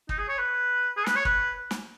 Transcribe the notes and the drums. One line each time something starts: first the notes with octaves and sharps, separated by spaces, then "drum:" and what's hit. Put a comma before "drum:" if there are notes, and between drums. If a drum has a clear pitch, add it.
D#4, drum: kick
G#4
C#5
B4
G#4
B4, drum: snare
C#5
B4, drum: kick
drum: snare